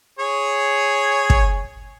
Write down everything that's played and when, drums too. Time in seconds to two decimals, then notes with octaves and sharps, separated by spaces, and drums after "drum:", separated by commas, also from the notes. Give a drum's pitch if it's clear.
0.19 G#4 C#5 G#5
1.30 drum: kick